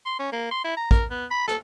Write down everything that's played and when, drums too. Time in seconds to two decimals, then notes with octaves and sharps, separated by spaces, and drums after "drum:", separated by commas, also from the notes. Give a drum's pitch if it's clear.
0.06 C6
0.19 C#4
0.32 A#3
0.51 C6
0.64 E4
0.77 A#5
0.91 A#4, drum: kick
1.10 B3
1.31 B5
1.48 A4, drum: rim click